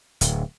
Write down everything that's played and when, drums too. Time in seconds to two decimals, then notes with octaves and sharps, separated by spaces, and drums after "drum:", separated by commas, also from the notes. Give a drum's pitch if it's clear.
0.21 D1, drum: hi-hat